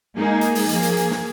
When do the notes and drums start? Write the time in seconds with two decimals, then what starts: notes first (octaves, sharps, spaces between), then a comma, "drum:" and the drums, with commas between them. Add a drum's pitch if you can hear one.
0.17 G#3 A#3 D#4 G#4
0.41 drum: hi-hat
0.55 drum: open hi-hat
0.69 F3 A#3 G#4, drum: hi-hat
0.83 drum: hi-hat
0.97 drum: hi-hat
1.11 drum: snare